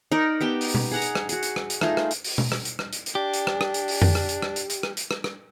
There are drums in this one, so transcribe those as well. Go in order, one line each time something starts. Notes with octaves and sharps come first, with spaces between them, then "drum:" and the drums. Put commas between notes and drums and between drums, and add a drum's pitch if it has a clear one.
D#4 A#4 D5
B3 G4 G5 A5
drum: open hi-hat
drum: tom B2
G#4 F#5 A#5
drum: hi-hat
drum: rim click
F#4 G#4, drum: hi-hat
drum: hi-hat
drum: rim click
drum: hi-hat
A3 D#4 F4 G#4, drum: rim click
drum: rim click
drum: hi-hat
drum: open hi-hat
drum: tom B2
drum: rim click
drum: hi-hat
drum: rim click
drum: hi-hat
drum: hi-hat
D4 G4
drum: hi-hat
drum: rim click
drum: rim click
drum: hi-hat
drum: open hi-hat
drum: tom F2
drum: rim click
drum: hi-hat
drum: rim click
drum: hi-hat
drum: hi-hat
drum: rim click
drum: hi-hat
drum: rim click
drum: rim click